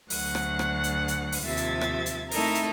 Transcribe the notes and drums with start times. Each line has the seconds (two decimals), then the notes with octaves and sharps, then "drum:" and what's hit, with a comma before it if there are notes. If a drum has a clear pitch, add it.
0.10 D2 F#3 F#5, drum: open hi-hat
0.35 drum: rim click
0.59 drum: rim click
0.84 drum: hi-hat
1.08 drum: hi-hat
1.32 drum: open hi-hat
1.43 D#2 C3 F3 E5 G#6 A6
1.57 drum: hi-hat
1.81 drum: rim click
2.06 drum: hi-hat
2.32 A3 C4 D#4 E4 A4 A#4, drum: open hi-hat
2.55 drum: hi-hat